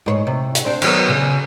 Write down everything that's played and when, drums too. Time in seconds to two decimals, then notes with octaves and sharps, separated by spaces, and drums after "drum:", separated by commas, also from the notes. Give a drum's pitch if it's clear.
0.06 G#2 C5 C#5
0.27 C3
0.55 drum: hi-hat
0.65 C4 D4 C5
0.82 D#3 F#3 B3, drum: cymbal
1.09 C#3